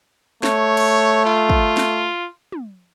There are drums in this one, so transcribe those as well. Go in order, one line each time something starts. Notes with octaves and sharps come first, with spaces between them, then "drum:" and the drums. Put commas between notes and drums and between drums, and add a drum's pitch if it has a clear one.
A3 C#5, drum: snare
drum: cymbal
F4
drum: kick
drum: snare
drum: tom